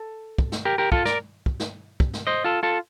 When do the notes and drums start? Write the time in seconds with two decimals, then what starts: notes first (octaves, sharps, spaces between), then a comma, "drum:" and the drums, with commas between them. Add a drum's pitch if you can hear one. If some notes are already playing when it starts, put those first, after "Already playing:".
Already playing: A4
0.38 drum: kick
0.52 drum: snare
0.65 G4 A#4
0.78 G4 A#4
0.92 F4 A4, drum: kick
1.05 A#4 D5, drum: snare
1.46 drum: kick
1.60 drum: snare
2.00 drum: kick
2.13 drum: snare
2.27 C5 D#5
2.44 F4 A4
2.63 F4 A4